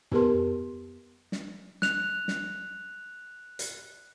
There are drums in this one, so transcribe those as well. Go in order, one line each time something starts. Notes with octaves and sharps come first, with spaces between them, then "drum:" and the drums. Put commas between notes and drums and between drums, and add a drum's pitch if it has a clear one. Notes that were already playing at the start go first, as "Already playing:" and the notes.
B3 G4 A#4 B4 A5 C6, drum: tom
drum: snare
F#6 F7, drum: snare
drum: snare
drum: hi-hat